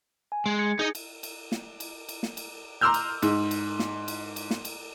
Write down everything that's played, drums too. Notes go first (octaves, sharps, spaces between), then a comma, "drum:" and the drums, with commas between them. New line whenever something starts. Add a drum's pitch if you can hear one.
G#5
G#3
G#6 C#7
D#4 G#4 D#5
drum: cymbal
drum: cymbal
drum: snare
drum: cymbal
drum: cymbal
drum: snare
drum: cymbal
A#5 C6 D6 E6 F6 G6
drum: cymbal
G#2, drum: cymbal
drum: cymbal
drum: snare
drum: cymbal
drum: cymbal
drum: snare
drum: cymbal